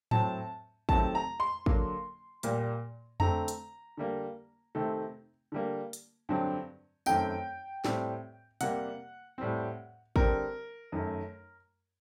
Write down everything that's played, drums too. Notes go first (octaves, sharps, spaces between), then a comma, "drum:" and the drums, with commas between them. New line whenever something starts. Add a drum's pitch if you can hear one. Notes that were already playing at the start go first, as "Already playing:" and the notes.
A2 F#3 C4 A5, drum: tom G#2
C3 D#3 F#3 A3 C4 A5, drum: kick
A#5
C6
D3 F#3 A#3, drum: kick
A#2 G3 A#3, drum: hi-hat
D3 A3 C4 A#5, drum: tom F2
drum: hi-hat
D3 G3 A#3
C3 D#3 A3 C4
D3 G3 A#3
drum: hi-hat
G2 D3 F#3 C4
F#2 D#3 A3 C4 G5, drum: tambourine
A2 G3 C4, drum: snare
C3 G3 A#3 F#5, drum: hi-hat
A2 G3 C4
D3 G3 C4 A#4, drum: kick
F#2 D#3 A3